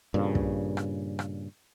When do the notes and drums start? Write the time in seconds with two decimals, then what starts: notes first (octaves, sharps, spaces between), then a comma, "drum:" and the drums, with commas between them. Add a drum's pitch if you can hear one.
0.14 G2 A#2 C#3
0.35 drum: kick
0.77 drum: rim click
1.19 drum: rim click